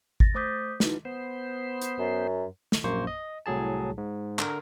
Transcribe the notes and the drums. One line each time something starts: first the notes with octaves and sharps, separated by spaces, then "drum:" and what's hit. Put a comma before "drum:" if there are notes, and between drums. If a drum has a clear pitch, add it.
A6 A#6, drum: kick
A3 C5 D6 D#6 G6 B6
D#4 E4 F#4 B4, drum: snare
B3 C5
drum: hi-hat
F#2
drum: snare
A#1 F#2 A#3 C5 C#6
D#5
C2 A2 F#3 G#4 A5
G#2
D3 A#4, drum: clap